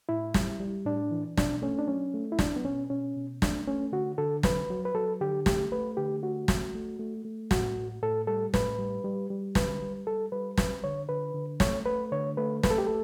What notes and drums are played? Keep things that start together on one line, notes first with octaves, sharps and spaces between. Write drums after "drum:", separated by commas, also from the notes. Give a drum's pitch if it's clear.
A2 E4
G3, drum: snare
G3
A2 D4
E3
B2 D4, drum: snare
A3 C#4
D4
F#3 C#4
A3
E4
F#3 D4, drum: snare
B3
B2 C#4
B2 C#4
B2
A3 D4, drum: snare
A3 C#4
D3 F#4
D3 A4
F#3 B4, drum: snare
F#3
B4
F#3 A4
D3 G4
A3 G4, drum: snare
A3 B4
D3 G4
A3 F#4
A3, drum: snare
A3
A3
A3
A2 F#4, drum: snare
A2
A2 A4
G3 A4
A2 B4, drum: snare
G3
G3
G3
D3 B4, drum: snare
G3
G3 A4
G3 B4
G3 B4, drum: snare
D3 C#5
D3 B4
D3
A3 C#5, drum: snare
A3 B4
D3 C#5
A3 B4
A3 B4, drum: snare
A4
G4
A3 A4